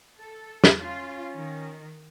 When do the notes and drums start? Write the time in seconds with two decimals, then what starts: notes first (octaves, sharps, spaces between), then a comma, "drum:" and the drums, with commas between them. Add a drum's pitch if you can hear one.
0.20 A4
0.64 drum: snare
0.80 C#4 F4
1.34 D#3